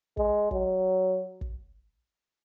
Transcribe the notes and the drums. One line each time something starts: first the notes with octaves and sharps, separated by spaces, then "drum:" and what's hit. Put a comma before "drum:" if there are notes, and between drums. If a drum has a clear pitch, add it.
G#3, drum: kick
F#3, drum: kick
drum: kick